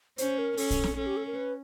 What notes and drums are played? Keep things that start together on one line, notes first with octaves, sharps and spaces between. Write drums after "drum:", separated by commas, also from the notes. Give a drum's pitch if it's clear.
C#4 C5, drum: hi-hat
A#4
C#4 A4, drum: open hi-hat
drum: kick A#1, hi-hat
drum: snare C4
C#4 A4
G4
A4
A#4
B4